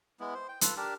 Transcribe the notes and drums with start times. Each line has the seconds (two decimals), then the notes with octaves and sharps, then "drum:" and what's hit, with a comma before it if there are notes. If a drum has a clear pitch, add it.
0.20 G#3 B3 E4
0.34 C5
0.48 G5
0.61 F4 A4 B4, drum: hi-hat
0.77 D4 G4 A#4 A5